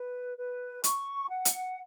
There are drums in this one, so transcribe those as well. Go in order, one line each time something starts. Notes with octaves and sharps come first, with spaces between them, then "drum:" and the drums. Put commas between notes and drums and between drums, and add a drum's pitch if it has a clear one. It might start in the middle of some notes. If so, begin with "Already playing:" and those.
Already playing: B4
B4
C#6, drum: hi-hat
F#5
drum: hi-hat